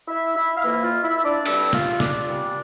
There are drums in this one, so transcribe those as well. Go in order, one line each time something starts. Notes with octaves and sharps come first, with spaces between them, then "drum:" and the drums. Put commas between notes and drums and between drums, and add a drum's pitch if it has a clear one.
E4 E5
E4 E5
F5
F2 E3 A#3 E4 E5
F4 F5
E4 E5
D4 D5
G2 D3 G3 C4 E4 E5, drum: cymbal
F4 F5, drum: snare
D4 D5, drum: snare
A#2 G3 C4